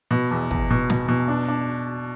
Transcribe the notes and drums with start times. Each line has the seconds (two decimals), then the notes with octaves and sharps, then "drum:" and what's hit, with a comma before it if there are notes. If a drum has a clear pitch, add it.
0.11 B2
0.31 E2
0.51 E2, drum: kick
0.70 B2
0.90 B2, drum: snare
1.08 B2
1.28 D4
1.48 D4